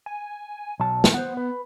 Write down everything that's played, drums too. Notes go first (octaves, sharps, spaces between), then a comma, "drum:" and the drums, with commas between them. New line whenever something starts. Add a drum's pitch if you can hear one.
G#5
B1 F#3 A5
drum: snare
B3 C5 F#5
B4